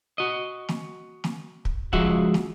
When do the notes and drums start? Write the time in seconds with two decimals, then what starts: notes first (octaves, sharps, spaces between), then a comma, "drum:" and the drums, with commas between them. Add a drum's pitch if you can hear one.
0.18 F#4 D#5
0.69 drum: snare
1.24 drum: snare
1.65 drum: kick
1.93 C#2 F3 G#3 F#4 E5 F#5, drum: kick
2.34 drum: snare